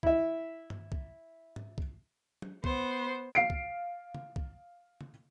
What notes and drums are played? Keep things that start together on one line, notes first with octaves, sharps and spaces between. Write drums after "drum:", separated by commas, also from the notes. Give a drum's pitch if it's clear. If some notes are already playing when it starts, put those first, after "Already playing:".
E4 E5, drum: kick
drum: tom G2
drum: kick
drum: tom
drum: kick
drum: tom
B3 C5, drum: kick
F5 C7 D7
drum: kick
drum: tom
drum: kick
drum: tom